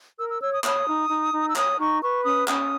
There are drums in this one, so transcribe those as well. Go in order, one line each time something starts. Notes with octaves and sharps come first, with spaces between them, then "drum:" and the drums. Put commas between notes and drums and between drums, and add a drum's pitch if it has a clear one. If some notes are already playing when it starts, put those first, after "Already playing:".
A#4 E6
E6
C#5 E6
D#6
C#5 D#6, drum: clap
D#4
D#4
D#4
E6
C#5 D#6, drum: clap
D#4 C#6
B4 C#6
C#4 D#6
C#4 D#6, drum: clap